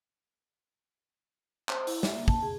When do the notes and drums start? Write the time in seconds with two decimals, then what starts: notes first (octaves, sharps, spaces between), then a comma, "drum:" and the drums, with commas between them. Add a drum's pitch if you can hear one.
1.69 C5, drum: clap
1.87 E4, drum: open hi-hat
2.03 E5, drum: snare
2.15 A#3
2.28 A5, drum: kick
2.42 G#4